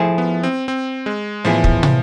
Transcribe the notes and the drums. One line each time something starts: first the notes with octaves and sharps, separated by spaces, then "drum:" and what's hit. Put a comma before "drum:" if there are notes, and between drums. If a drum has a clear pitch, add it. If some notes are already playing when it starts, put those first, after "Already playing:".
Already playing: F3 A3 E4 G#4
B3
C4
C4
G#3
A2 E3 F3 B3 E4 G#4
drum: kick
drum: tom